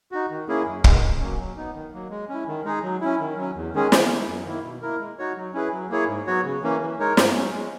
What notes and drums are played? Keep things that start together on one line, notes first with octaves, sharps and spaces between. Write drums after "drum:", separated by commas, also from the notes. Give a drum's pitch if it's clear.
D#4 F#4
D#3
A#3 C#4 E4 G#4
F#2
D#3 G#3 B3, drum: kick
E2
B2 F#3 A#3 C#4
F#3
B3 D#4
D#3
F#3 A#3
G#3
C#4 E4
D#3
G#3 D#4 G#4
F#3
C#4 E4
D#3
F#3 C#4
E2
D#3 G#3 C#4 G#4
D#3, drum: snare
A#3 E4
F#2
D#3 A#3 E4
B2
A#3 E4 A#4
G#3
D#4 F#4 C#5
F#3
C#4 E4 G#4 B4
F#3
A#3 E4 G#4 C#5
G#2
F#3 B3 F#4 C#5
C#3
E3 A#3 C#4
E3
G#3 D#4 A#4 C#5
G#2, drum: snare
F#3 C#4
G#3